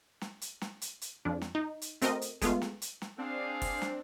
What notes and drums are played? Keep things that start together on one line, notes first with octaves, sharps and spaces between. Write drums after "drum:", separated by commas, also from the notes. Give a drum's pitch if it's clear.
drum: snare
drum: hi-hat
drum: snare
drum: hi-hat
drum: hi-hat
F2 D4
drum: snare
D#4
drum: hi-hat
A3 C4 F#4 A#4 D#5, drum: hi-hat
drum: hi-hat
G#3 A3 B3 F4, drum: kick, hi-hat
drum: snare
drum: hi-hat
drum: snare
C4 D4 G#4 F5
drum: kick, open hi-hat
drum: snare